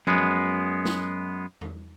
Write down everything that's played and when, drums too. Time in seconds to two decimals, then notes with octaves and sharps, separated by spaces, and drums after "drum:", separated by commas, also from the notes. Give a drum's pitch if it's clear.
0.07 F#2 G#3 B3, drum: tom F3
0.85 drum: snare
1.61 drum: tom E2